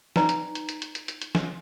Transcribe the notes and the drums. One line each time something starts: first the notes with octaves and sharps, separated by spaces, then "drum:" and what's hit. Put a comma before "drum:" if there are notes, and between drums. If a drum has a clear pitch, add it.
D#4 B4 D5 G5 G#5 A#5, drum: snare
drum: hi-hat
drum: hi-hat
drum: hi-hat
drum: hi-hat
drum: hi-hat
drum: hi-hat
drum: hi-hat
drum: snare